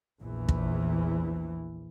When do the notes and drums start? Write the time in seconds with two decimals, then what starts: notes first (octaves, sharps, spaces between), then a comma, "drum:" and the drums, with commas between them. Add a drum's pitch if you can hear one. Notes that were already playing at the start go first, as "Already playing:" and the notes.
0.20 A#1 E2 E3
0.49 drum: kick